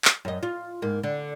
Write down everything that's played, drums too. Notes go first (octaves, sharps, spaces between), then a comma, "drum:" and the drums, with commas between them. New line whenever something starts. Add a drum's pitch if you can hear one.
drum: clap
F#2 D#5
F4
G#2 A#3
D3